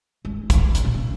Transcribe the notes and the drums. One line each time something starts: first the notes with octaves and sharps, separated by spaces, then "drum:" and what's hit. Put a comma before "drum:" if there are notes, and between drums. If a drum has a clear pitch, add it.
G#3
D#3, drum: kick, hi-hat
C#3, drum: hi-hat
A#2
C#3